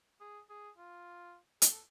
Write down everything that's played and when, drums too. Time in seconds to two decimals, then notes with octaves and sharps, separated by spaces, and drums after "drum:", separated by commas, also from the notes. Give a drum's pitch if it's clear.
0.20 G#4
0.50 G#4
0.78 F4
1.62 G#4, drum: hi-hat
1.71 A4